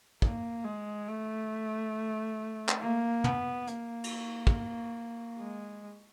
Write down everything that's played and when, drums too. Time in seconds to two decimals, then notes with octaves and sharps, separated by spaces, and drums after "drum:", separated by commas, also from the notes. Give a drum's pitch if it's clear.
0.22 A#3, drum: kick
0.64 G#3
1.08 A3
2.69 drum: clap
2.81 A#3
3.24 B3, drum: tom
3.67 A#3, drum: hi-hat
4.04 drum: cymbal
4.47 drum: kick
5.40 G#3